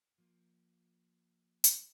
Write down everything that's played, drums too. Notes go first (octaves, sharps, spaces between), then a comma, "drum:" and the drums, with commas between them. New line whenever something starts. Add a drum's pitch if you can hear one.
F3 A#3
drum: hi-hat